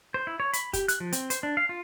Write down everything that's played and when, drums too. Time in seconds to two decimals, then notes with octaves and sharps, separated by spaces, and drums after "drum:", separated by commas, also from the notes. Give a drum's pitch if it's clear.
0.14 C5
0.27 E4
0.40 C#5
0.53 B5, drum: hi-hat
0.73 G4, drum: kick, hi-hat
0.88 F#6, drum: hi-hat
1.00 F3
1.13 C4, drum: hi-hat
1.30 C5, drum: hi-hat
1.43 D4
1.57 F5
1.69 F4